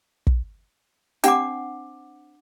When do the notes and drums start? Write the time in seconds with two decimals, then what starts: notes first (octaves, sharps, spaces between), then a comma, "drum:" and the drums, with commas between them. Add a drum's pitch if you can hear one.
0.27 drum: kick
1.24 C4 D4 G4 F#5 G5 D6, drum: hi-hat